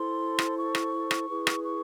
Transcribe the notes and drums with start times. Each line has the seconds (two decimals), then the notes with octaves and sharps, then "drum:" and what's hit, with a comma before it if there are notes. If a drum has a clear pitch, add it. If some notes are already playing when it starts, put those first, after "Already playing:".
Already playing: E4 A4 C5 C6
0.39 drum: rim click
0.56 C#6
0.75 drum: rim click
1.11 drum: rim click
1.29 E4 G#4 B4
1.47 drum: rim click
1.64 C#6